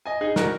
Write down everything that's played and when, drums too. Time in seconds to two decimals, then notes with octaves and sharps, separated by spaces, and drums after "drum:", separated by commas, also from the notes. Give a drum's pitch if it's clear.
0.06 D#5 G#5
0.21 D#4 G#4
0.36 F#4 A#4, drum: snare